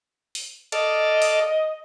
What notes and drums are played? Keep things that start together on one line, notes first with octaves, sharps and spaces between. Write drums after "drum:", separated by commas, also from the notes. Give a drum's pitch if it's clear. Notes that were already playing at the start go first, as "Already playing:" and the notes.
drum: open hi-hat
A4 D5 D#5 F5, drum: cymbal
drum: open hi-hat